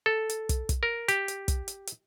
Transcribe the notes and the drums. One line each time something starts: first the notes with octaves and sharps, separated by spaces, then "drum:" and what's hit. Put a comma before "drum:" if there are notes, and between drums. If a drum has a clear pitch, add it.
A4
drum: hi-hat
drum: kick, hi-hat
drum: kick, hi-hat
A#4
G4, drum: hi-hat
drum: hi-hat
drum: kick, hi-hat
drum: hi-hat
drum: hi-hat